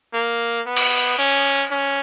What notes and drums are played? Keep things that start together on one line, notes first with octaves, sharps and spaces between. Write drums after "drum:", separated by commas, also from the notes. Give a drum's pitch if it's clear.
A#3
B3
drum: cymbal
C#4
C#4